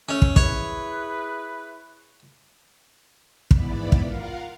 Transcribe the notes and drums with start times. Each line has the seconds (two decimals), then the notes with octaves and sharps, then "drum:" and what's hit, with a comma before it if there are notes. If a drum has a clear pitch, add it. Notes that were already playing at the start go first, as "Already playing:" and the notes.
0.09 A3 C#4
0.22 drum: kick
0.36 E4 G#4 B4 C#5, drum: kick
3.51 G#2 E3 B3 E4 D5 B5, drum: kick
3.92 drum: kick
4.02 F4 A#4 F5 F#5